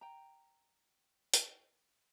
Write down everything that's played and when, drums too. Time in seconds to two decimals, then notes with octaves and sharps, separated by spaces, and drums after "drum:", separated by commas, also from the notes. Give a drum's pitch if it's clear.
0.01 G5 A#5
1.34 drum: hi-hat